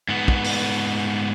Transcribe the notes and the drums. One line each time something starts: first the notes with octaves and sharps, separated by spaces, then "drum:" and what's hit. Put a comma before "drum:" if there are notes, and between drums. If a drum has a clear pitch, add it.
G#2 B3
drum: kick
drum: open hi-hat